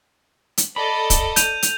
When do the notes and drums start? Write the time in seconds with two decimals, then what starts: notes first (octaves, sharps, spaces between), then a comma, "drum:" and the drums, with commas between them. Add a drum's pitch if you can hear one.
0.58 drum: hi-hat
0.76 A4 D5 D#5 B5
1.10 drum: kick, hi-hat
1.36 G6 D#7 F7, drum: hi-hat
1.62 drum: hi-hat